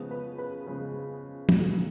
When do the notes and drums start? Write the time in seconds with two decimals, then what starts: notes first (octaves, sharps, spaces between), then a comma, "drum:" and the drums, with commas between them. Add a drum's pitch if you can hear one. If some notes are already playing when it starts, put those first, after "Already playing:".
Already playing: C#3 F3 G#3 B3
0.11 B4
0.38 B4
0.67 C#3 F3 G#3 B3
1.49 A#2 F#3 B3, drum: tom